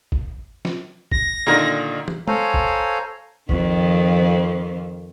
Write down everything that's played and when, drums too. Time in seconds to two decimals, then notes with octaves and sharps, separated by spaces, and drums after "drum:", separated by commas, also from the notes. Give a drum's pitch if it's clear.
0.12 drum: kick
0.65 drum: snare
1.12 A#6, drum: kick
1.47 A#2 D3 D#3
2.08 drum: tom
2.28 A4 C5 C#5 F5 G#5 A#5, drum: tom G#3
2.54 drum: kick
3.49 F2 D#3 F3, drum: kick